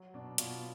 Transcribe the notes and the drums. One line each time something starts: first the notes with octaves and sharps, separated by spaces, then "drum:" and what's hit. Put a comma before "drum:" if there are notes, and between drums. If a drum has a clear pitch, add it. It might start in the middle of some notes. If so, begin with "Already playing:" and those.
Already playing: F#3
B2 D4
B2 F4, drum: hi-hat